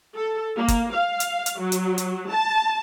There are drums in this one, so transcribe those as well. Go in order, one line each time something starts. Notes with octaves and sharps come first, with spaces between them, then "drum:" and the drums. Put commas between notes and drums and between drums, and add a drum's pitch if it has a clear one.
A4
A#3
drum: kick, hi-hat
F5
drum: hi-hat
drum: hi-hat
F#3
drum: hi-hat
drum: hi-hat
A5